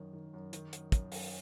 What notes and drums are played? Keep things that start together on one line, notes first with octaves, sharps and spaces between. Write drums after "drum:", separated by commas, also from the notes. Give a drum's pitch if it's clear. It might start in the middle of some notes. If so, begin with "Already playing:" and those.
Already playing: F#2 D#3
D#3
F#2
D#3, drum: hi-hat
F#2, drum: hi-hat
F#2, drum: kick, hi-hat
F#2, drum: open hi-hat